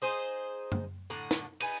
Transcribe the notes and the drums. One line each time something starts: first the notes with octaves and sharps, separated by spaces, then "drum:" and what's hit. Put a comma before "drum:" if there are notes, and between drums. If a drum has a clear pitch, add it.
D#4 G#4 C5 D#5
drum: tom F#2
A2 D3 F#5 A#5
drum: snare
D#4 B4 G#5, drum: cymbal